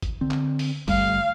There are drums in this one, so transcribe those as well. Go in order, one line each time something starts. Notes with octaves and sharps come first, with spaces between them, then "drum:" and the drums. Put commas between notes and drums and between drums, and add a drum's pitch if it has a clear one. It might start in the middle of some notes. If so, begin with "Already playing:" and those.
drum: kick, hi-hat
D3 C4
drum: clap
drum: open hi-hat
G1 G3 A3 F5, drum: kick, open hi-hat